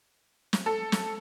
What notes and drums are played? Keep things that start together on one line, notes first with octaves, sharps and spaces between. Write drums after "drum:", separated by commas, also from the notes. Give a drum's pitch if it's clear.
drum: snare
A4
drum: snare